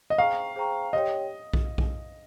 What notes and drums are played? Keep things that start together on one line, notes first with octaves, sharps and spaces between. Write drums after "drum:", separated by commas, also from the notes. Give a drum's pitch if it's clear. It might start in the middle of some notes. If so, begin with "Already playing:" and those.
D#5
G#4 C5 F5 G5 A#5 C#6
G#4 C5 G5 A#5 C#6
G4 C#5 D#5 G5
drum: kick B1
drum: kick B1